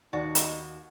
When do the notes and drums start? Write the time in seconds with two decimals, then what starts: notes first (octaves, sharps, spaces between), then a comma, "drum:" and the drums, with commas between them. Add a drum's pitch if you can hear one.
0.13 D#2 D#4 F#4 D5
0.35 drum: hi-hat